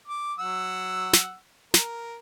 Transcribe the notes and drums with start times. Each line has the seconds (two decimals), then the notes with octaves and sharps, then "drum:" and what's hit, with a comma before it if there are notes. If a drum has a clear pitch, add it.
0.08 D6
0.39 F#3 F#5 E6
1.13 drum: snare
1.74 A#4, drum: snare